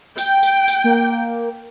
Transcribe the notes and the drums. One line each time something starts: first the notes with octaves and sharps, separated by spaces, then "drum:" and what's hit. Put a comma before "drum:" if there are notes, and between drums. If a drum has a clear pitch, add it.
G5, drum: tambourine
drum: tambourine
drum: tambourine
A#3